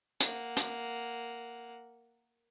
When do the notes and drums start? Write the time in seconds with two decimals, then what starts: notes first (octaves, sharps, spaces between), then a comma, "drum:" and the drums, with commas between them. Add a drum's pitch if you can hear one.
0.20 A#3 F#5, drum: hi-hat
0.57 drum: hi-hat